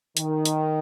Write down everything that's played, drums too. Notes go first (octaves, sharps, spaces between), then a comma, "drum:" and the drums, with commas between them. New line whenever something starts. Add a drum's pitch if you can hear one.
D#3, drum: hi-hat
drum: hi-hat